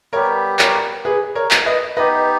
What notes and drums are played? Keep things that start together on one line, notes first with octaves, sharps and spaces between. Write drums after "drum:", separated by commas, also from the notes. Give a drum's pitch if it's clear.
G3 B3 G4 A#4 C#5
A#4 C#5, drum: clap
G#4 B4
A#4 C#5
drum: clap
B4 D#5
B3 D#4 G4 B4 D#5